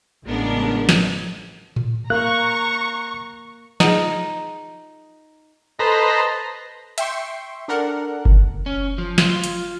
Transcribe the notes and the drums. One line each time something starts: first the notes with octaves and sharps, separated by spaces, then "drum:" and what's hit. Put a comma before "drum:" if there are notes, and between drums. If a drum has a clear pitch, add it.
A1 C#3 G#3 B3 D4 A#4
drum: snare
drum: tom A2
A#3 A#4 F5 A#5 C#6 F#6
D#4 F4 G#4 F#5, drum: snare
A4 B4 C5 D#5 A5 A#5
E5 G5 C6 C#6, drum: hi-hat
D4 A4 A#4 F#5
drum: kick F#1
C#4
F3
F4, drum: snare
drum: hi-hat